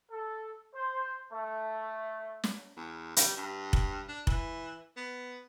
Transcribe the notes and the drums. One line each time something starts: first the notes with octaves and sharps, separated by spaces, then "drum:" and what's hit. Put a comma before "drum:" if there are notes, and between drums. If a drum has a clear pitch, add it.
A4
C5
A3
drum: snare
E2
G3, drum: hi-hat
G2
drum: kick F1
D4
E3, drum: kick F1
B3